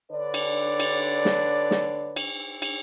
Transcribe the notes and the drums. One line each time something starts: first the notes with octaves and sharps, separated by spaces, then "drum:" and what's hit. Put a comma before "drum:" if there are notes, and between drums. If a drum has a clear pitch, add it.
D3 D4 B4 C#5 D5
drum: cymbal
drum: cymbal
drum: snare
drum: snare
drum: cymbal
drum: cymbal